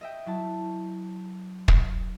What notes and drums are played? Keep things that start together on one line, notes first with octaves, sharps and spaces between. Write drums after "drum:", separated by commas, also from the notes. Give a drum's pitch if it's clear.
D#5 E5 G5
F#3 E4 A5
drum: kick